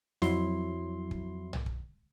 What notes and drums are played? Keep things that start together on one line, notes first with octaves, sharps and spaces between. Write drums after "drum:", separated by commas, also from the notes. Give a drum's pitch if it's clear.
F2 F#3 E4 C6, drum: snare
drum: kick
drum: tom B1
drum: kick